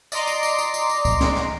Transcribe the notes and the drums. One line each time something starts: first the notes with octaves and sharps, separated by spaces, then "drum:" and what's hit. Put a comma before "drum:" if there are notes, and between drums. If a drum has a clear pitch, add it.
D5 D#5 A#5 C6 D6, drum: tambourine
drum: tambourine
drum: tambourine
drum: tambourine
drum: tambourine
drum: tambourine
drum: kick C#2, tambourine
drum: snare
drum: snare